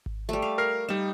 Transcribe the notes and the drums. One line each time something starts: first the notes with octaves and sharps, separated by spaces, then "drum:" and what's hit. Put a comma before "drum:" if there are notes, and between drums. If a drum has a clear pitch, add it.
drum: kick G#1
G3 A3
F5
A#4 F6 C7
G3 D#4 E7